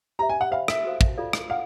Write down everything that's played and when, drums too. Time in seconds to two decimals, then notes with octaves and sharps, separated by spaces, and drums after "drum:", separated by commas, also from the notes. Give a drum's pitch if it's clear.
0.19 G4 C5 E5 A#5
0.29 G#5
0.41 F#5
0.51 C5 E5 F5 G5 B5
0.68 E5, drum: rim click
0.84 F#4 A4 C5 F5
1.01 drum: kick
1.18 F4 A4 D5 F5
1.33 drum: rim click
1.50 F5 F#5